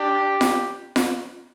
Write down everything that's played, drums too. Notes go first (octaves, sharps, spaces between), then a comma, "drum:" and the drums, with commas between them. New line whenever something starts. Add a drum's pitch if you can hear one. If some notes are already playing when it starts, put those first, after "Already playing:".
Already playing: D4 G4
drum: snare F4
drum: snare F4